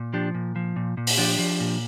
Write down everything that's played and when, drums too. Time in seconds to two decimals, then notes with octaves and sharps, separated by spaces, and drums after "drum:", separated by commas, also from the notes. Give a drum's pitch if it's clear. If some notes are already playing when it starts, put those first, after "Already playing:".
Already playing: A#2
0.13 F3 D4 G4
0.35 A#2
0.56 F3
0.76 A#2
0.97 A#2
1.07 drum: open hi-hat
1.17 F3 D4 G4
1.39 F3
1.60 A#2